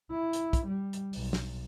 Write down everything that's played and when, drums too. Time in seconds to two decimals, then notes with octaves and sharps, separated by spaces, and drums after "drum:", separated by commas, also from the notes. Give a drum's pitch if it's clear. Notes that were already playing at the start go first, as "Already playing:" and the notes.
0.11 E4
0.33 drum: hi-hat
0.53 drum: kick, hi-hat
0.66 G3
0.93 drum: hi-hat
1.13 B1, drum: open hi-hat
1.33 drum: snare